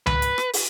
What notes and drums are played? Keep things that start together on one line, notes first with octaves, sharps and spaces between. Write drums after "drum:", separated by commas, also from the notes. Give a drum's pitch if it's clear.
B4, drum: tom C#2
drum: hi-hat
drum: rim click
drum: open hi-hat